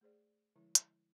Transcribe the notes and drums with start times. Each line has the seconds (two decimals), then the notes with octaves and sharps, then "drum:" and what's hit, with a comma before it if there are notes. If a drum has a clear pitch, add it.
0.01 A3 G#4 C5 D5
0.56 D3 F3 G#3 E4
0.75 drum: hi-hat